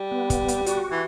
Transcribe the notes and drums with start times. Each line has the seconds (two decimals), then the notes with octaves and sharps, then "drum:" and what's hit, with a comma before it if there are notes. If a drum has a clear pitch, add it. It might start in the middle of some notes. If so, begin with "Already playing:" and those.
Already playing: G3
0.12 B3
0.30 drum: kick, hi-hat
0.48 drum: hi-hat
0.66 G3 F#4, drum: hi-hat
0.91 E3